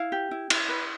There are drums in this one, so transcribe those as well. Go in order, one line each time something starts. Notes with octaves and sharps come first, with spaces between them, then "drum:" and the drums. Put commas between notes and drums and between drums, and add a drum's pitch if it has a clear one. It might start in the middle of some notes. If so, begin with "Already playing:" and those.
Already playing: E4 F5
G4
E4
E4, drum: cymbal
B4